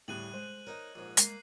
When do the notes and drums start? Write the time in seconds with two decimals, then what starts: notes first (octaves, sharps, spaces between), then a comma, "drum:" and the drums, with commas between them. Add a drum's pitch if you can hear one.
0.08 D2 A2 C#3 G3 F#6 D#7 F#7
0.34 G#3 C5
0.67 D#4 A#4 C#5 D#5
0.95 A#1 G#2
1.17 G#3 A#3 C7, drum: hi-hat